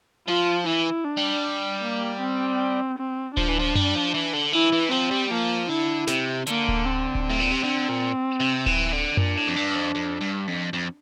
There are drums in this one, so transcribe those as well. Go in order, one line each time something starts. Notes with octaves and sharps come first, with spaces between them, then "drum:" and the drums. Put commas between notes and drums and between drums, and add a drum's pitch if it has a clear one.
F3 F4
E3 E4
D4
G3
A#3
C4
C4
F3 D4, drum: kick D1
E3
F3
G3, drum: tom F#2
F3
E3
D3
E3 E4
E3
F3 C4
G3
F3 A#3
D3 E4
C3, drum: snare
D3 A#3, drum: hi-hat
drum: kick D1
C4
drum: kick D1
A2 C4
A#2
C3
D3
A#2
C3
E3, drum: kick D1
D3
A#2 D4, drum: tom F#2
A2
F2
G2
F2
F2
G2
F2
F2